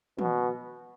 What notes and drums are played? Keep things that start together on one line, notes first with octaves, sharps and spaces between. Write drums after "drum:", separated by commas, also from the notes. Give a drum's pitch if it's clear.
B2, drum: tom